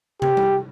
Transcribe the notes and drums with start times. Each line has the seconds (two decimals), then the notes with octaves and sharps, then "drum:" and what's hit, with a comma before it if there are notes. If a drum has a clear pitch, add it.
0.22 G4, drum: tom
0.37 drum: tom G3